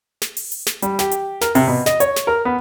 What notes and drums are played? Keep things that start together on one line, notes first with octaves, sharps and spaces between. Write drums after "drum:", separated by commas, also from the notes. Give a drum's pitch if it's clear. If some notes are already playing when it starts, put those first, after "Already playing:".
drum: snare
drum: open hi-hat
drum: hi-hat
drum: snare
G3, drum: hi-hat
G4, drum: snare
drum: hi-hat
A#4, drum: snare
C3, drum: open hi-hat
B2
D#5, drum: snare
C#5, drum: hi-hat
drum: snare
A#4
B3